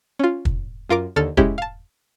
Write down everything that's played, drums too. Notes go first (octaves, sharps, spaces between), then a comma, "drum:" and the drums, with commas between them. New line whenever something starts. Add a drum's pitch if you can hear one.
C#4 F4
drum: kick
F#2 F4 A#4 D6
D#2 D3 A4 F6 A6
G#3 C#4 E4 G4, drum: kick
F5 A5